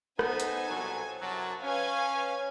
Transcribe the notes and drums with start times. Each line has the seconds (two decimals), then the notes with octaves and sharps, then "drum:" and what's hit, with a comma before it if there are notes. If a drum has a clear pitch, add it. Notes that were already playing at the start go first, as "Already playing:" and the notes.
0.19 B3 D#4 A4 C5 G#5, drum: rim click
0.40 drum: hi-hat
0.70 C2 B2 F#3
1.22 F#2 C3 F#3 A5
1.63 C#4 B4 F5 G#5